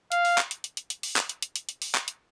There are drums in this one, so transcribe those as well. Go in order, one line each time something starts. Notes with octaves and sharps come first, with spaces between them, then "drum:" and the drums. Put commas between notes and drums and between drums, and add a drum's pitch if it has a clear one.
F5, drum: hi-hat
drum: open hi-hat
drum: clap
drum: hi-hat
drum: hi-hat
drum: hi-hat
drum: hi-hat
drum: open hi-hat
drum: clap
drum: hi-hat
drum: hi-hat
drum: hi-hat
drum: hi-hat
drum: open hi-hat
drum: clap
drum: hi-hat